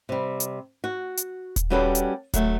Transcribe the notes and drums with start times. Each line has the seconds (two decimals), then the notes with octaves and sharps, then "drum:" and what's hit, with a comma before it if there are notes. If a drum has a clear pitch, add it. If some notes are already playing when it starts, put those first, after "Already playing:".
0.09 C3 G3
0.40 drum: hi-hat
0.84 F#4
1.17 drum: hi-hat
1.56 drum: kick D#1, hi-hat
1.70 G3 C#4 F#4 G4 A4 B4
1.95 drum: hi-hat
2.34 F#3 A3, drum: kick D#1, hi-hat